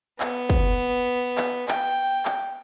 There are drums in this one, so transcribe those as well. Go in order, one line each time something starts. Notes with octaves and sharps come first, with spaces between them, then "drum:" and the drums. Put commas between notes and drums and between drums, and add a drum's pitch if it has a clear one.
B3, drum: clap
drum: kick, hi-hat
drum: hi-hat
drum: open hi-hat
drum: clap
G5, drum: clap
drum: hi-hat
drum: clap